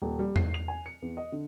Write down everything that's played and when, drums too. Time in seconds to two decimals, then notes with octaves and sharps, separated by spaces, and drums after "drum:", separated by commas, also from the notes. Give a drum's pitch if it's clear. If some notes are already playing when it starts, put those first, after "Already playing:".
0.02 D#1
0.19 G3
0.36 C7, drum: tom E2
0.54 F7
0.68 G#5
0.86 C#7
1.02 E2
1.17 D#5
1.32 D3